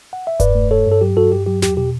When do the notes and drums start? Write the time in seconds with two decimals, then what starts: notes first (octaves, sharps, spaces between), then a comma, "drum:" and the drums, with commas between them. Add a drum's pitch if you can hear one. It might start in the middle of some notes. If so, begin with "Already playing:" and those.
0.13 F#5
0.27 E5
0.40 G2 B4 D5, drum: kick E1, hi-hat
0.55 A3
0.70 G2 A4 C#5
0.87 G2
0.92 A4
1.01 F#3 G4
1.16 G2 F#4 A4
1.32 G2 G4
1.46 F#3 G4
1.62 E2 G4, drum: snare
1.77 B2 G4